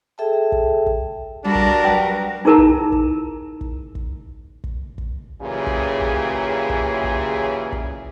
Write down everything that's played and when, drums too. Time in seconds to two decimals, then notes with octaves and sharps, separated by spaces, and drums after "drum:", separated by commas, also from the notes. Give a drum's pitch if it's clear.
0.18 G#4 A4 E5 G5 A5
0.52 drum: kick
0.86 drum: kick
1.44 G3 D4 F#4 A#4 B5
1.55 drum: kick
1.84 F#3 G4 B4
2.45 D#4 E4 G#4 A#4 A5 A#5
2.58 drum: kick
2.92 drum: kick
3.61 drum: kick
3.95 drum: kick
4.64 drum: kick
4.98 drum: kick
5.42 A#2 C#3 E3 F#3 G4 G#4
5.67 drum: kick
6.01 drum: kick
6.69 drum: kick
7.04 drum: kick
7.72 drum: kick